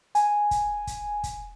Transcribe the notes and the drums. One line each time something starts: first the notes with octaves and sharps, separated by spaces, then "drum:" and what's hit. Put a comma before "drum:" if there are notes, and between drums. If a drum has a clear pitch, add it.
G#5, drum: hi-hat
drum: kick, hi-hat
drum: kick, hi-hat
drum: kick, hi-hat